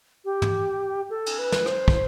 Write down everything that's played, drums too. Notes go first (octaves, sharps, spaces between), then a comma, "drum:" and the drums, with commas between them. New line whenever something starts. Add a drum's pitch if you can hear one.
G4
drum: tom
A4
drum: cymbal
B4
drum: snare
C5, drum: rim click
drum: kick